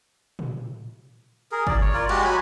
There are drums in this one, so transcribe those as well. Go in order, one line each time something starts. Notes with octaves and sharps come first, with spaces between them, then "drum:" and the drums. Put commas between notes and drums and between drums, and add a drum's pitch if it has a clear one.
drum: tom
G#4 A#4
D5, drum: kick
C#5
F4 A#4 D5
G#3 F#4 G4, drum: cymbal
F#3 G#5 B5